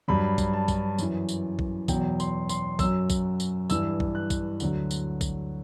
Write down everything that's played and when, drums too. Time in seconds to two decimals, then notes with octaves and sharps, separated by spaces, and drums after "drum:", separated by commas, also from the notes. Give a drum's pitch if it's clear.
0.08 G2 F#3 B5
0.38 drum: kick A#1, tambourine
0.53 A5
0.68 drum: kick A#1, tambourine
0.98 F#2 E3, drum: tambourine
1.29 drum: tambourine
1.59 drum: kick A#1
1.88 E2 B2 F#3 G5, drum: kick A#1, tambourine
2.20 C6, drum: tambourine
2.49 C6, drum: tambourine
2.79 F#2 F#3 E6, drum: kick A#1, tambourine
3.10 drum: kick A#1, tambourine
3.40 drum: tambourine
3.70 G2 E3 E6, drum: tambourine
4.00 drum: kick A#1
4.15 F#6
4.30 drum: kick A#1, tambourine
4.60 D2 D3 F#3, drum: tambourine
4.91 drum: tambourine
5.21 drum: kick A#1, tambourine